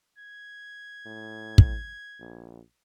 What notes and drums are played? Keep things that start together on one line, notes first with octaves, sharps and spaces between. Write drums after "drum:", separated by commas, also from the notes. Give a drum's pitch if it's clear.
G#6
A2
drum: kick
A#1